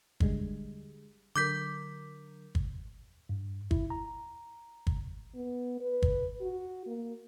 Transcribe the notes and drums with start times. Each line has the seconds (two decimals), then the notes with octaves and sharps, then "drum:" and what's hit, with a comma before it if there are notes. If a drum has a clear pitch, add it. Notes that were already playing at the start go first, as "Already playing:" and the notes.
0.20 D3 G3 G#3, drum: kick G1
1.36 D3 F#3 A#4 D6 G6 B6
2.55 drum: kick G1
3.29 G2
3.71 E4, drum: kick G1
3.90 A#5
4.87 drum: kick G1
5.35 B3
5.80 B4
6.02 drum: kick G1
6.41 F#4
6.87 A#3